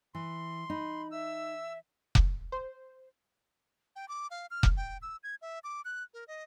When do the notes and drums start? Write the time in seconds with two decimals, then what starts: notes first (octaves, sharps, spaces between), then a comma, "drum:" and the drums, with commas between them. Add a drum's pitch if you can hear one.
0.15 E3 C6
0.70 D#4 B5
1.12 E5 E6
2.15 drum: kick F1
2.52 C5
3.96 G5
4.08 D6
4.31 F5
4.51 F6
4.63 drum: kick F1
4.77 G5
5.02 E6
5.23 G#6
5.42 E5
5.64 D6
5.85 F#6
6.14 A#4
6.28 D#5